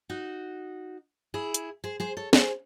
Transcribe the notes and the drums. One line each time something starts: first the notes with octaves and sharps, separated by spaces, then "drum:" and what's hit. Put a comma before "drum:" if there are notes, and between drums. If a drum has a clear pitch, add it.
D#4 F#4
E4 G#4
drum: hi-hat
G#4 C5
G#4 C5
A4 C#5
G#4 C5, drum: snare